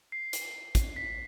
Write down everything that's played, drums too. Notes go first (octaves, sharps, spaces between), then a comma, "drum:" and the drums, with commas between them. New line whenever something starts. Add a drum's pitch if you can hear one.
C7
drum: hi-hat
drum: kick, hi-hat
B6